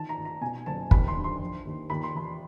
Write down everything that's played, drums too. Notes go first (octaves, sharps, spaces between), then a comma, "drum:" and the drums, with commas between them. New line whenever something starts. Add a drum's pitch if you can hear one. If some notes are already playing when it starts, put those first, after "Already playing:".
Already playing: D#3 E3 A5
A#5
G#1
A#5
B2 G#5
F#1 A5
D#2 B5, drum: kick
C6
D3
C6
F3
D#2
D#2 B5
C6
E1 B5